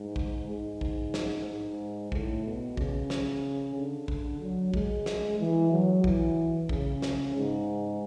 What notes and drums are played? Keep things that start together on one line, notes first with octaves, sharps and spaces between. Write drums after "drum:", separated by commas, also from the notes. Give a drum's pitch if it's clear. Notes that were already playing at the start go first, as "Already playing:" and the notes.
Already playing: G#2
drum: kick
G#2
drum: kick
drum: snare
G#2
A2, drum: kick
B2
C#3, drum: kick
drum: snare
D3
drum: kick
F#3
G#3, drum: kick
drum: snare
E3
F#3
E3, drum: kick
C#3, drum: kick
drum: snare
G#2